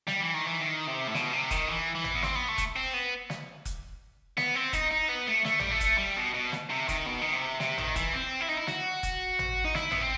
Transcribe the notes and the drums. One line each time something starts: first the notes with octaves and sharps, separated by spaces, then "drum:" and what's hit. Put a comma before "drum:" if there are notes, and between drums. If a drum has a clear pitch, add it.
G3, drum: snare
E3
D#3
E3
D#3
C3
A2
B2, drum: snare
C3
D#3, drum: kick F1, hi-hat
E3
E3
drum: tom
B3
C4, drum: snare
B3
A3
drum: kick F1, hi-hat
C4
B3
drum: snare
drum: kick F1, hi-hat
B3, drum: snare
C4
D#4, drum: kick F1, hi-hat
D#4
B3
A3
A3, drum: snare
G3, drum: tom
A3
drum: kick F1, hi-hat
G3
B2
B2
drum: snare
C3
D#3, drum: kick F1, hi-hat
B2
D#3
C3
C3, drum: snare
D#3, drum: tom
E3, drum: kick F1, hi-hat
C4
E4
D#4
E4
F#4, drum: snare
drum: kick F1, hi-hat
drum: tom
D#4
E4, drum: snare
B3, drum: tom
C4